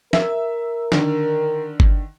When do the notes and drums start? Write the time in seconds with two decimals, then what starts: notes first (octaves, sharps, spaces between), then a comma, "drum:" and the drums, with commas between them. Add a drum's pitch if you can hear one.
0.13 A#4 E5, drum: snare
0.92 D3 D#3, drum: snare
1.80 drum: kick G1